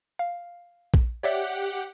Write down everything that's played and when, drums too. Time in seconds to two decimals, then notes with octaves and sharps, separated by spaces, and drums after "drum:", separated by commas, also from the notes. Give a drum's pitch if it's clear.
0.19 F5
0.94 drum: kick A#1
1.23 G4 C#5 D5 E5 F#5